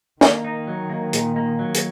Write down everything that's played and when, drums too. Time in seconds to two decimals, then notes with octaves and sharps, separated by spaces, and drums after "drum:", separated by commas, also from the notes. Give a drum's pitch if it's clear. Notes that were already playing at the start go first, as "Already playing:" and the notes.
0.21 D#3 A#3, drum: snare
0.44 D#4
0.67 F#3
0.90 A#3
1.13 A#2, drum: hi-hat
1.36 A#3
1.59 F#3
1.75 drum: hi-hat